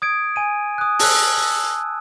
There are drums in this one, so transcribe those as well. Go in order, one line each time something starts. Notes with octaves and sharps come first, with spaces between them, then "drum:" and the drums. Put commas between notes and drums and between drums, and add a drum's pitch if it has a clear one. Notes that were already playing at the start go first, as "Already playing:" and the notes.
D#6 G#6 D7
G#5 D#7
D#6 F#6
A5 E6 F#6, drum: open hi-hat
E6